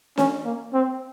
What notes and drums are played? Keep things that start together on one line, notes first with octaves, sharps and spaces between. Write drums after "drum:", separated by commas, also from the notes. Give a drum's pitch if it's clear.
C#4, drum: snare
A#3
C4